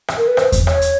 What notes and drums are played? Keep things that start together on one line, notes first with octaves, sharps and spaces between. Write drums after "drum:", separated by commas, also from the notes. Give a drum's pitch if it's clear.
drum: rim click
A#4
B4
C5, drum: rim click
drum: kick E2, hi-hat
C#5, drum: rim click
drum: hi-hat